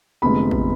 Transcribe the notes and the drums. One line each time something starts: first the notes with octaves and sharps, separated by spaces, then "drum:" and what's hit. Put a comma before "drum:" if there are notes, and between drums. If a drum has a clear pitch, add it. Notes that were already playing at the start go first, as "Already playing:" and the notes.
F1 F2 D3 G#3 B3 B5
drum: kick